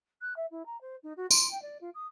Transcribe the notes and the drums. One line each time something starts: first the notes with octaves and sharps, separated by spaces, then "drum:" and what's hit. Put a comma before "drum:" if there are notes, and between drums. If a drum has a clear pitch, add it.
F#6
E5
E4
A#5
C5
D#4
F#4
C6, drum: tambourine
G5
D5
F4
D#6